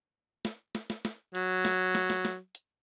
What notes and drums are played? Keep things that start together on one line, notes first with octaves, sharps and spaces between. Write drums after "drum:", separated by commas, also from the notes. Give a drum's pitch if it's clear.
drum: snare
drum: snare
drum: snare
drum: snare
F#3, drum: hi-hat
drum: snare
drum: snare
drum: snare
drum: snare
drum: hi-hat